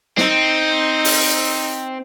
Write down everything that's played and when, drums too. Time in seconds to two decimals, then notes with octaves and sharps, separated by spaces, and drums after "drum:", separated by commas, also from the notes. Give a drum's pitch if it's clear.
0.18 C4 D#4, drum: snare
1.05 drum: open hi-hat